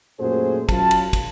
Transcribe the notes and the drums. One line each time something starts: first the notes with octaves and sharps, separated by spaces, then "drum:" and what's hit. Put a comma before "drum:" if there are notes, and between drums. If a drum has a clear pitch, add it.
F#2 A#2 F#3 A3 G#4 C5
F#2 F#3 F4 A5, drum: kick, cymbal
drum: cymbal
drum: kick, cymbal